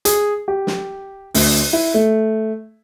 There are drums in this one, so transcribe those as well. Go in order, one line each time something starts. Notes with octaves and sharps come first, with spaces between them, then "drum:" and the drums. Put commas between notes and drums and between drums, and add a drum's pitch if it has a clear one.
G#4, drum: hi-hat
G4
drum: snare
D2, drum: open hi-hat
E4
A3